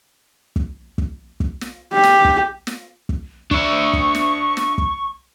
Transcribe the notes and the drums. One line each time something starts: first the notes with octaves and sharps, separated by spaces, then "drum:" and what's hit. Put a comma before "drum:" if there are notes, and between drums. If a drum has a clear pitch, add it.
drum: kick
drum: kick
drum: kick
drum: snare
G4
drum: snare
drum: kick
drum: snare
drum: kick
D4 E5 C#6, drum: kick
drum: kick
drum: snare
drum: snare
drum: kick